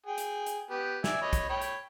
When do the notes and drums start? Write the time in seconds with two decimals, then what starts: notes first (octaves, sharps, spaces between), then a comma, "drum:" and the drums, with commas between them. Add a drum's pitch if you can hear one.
0.06 G#4 G5
0.18 drum: hi-hat
0.46 drum: hi-hat
0.70 B3 G4
1.04 D5 E5 G#5, drum: snare
1.22 C#5 D#5 B5
1.33 drum: kick B1, hi-hat
1.49 C#5 G5 B5
1.62 drum: hi-hat